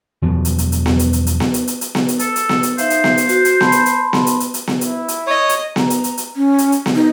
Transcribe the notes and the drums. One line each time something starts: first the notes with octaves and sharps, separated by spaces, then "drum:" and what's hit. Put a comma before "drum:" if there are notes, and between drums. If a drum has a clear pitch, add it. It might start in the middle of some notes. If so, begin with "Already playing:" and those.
E2 B2 F3 F#3
drum: hi-hat
drum: hi-hat
drum: hi-hat
drum: snare B3
drum: hi-hat
drum: hi-hat
drum: hi-hat
drum: snare B3
drum: hi-hat
drum: hi-hat
drum: hi-hat
drum: snare B3
drum: hi-hat
A4, drum: hi-hat
drum: hi-hat
drum: snare B3
drum: hi-hat
D#4 C5 E5 F5, drum: hi-hat
drum: hi-hat
drum: snare B3
drum: hi-hat
F#4, drum: hi-hat
drum: hi-hat
A5 B5 C6, drum: snare B3
drum: hi-hat
drum: hi-hat
drum: snare B3
drum: hi-hat
drum: hi-hat
drum: hi-hat
drum: snare B3
E4, drum: hi-hat
drum: hi-hat
C#5 D#5
drum: hi-hat
A#5, drum: snare B3
drum: hi-hat
drum: hi-hat
drum: hi-hat
C#4
drum: hi-hat
drum: hi-hat
drum: snare B3
D#4